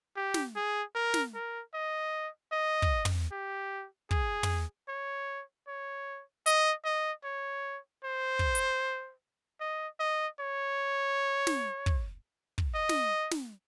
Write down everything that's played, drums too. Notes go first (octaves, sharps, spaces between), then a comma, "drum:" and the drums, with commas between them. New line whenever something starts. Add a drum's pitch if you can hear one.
G4
drum: snare
G#4
A#4
drum: snare
A#4
D#5
D#5
drum: kick
drum: tom
G4
G#4, drum: kick
drum: tom
C#5
C#5
D#5, drum: hi-hat
D#5
C#5
C5
drum: kick
drum: hi-hat
D#5
D#5
C#5
drum: snare
drum: kick
drum: kick
D#5
drum: snare
drum: snare